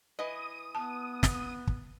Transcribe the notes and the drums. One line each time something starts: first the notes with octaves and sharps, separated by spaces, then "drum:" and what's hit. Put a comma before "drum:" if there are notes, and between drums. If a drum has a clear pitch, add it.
E3 D#5 D#6
B3 A5
drum: snare
drum: kick